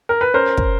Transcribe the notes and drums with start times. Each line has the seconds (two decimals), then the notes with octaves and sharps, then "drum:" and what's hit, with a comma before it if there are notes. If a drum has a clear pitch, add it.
0.09 A#4
0.21 B4
0.34 C#4 A#4 C5
0.58 drum: kick